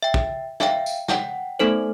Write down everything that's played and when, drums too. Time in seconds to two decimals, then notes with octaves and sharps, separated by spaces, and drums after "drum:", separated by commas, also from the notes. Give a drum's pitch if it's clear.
0.03 E5 G5
0.14 drum: kick
0.60 E5 F5 G5, drum: snare
0.86 drum: tambourine
1.08 F#5 G5, drum: snare
1.59 A3 B3 D#4 A4 C5